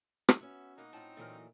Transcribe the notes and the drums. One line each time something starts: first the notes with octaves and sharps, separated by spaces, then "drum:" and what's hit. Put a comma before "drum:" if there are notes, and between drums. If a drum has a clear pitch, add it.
drum: rim click
B3 C#4 F#4 E5
B2 A#3 D#4 F#5
A2 C4 C#4 F4 E5 F#5 G5 A5
A#2 E3 F#3 A3 A#4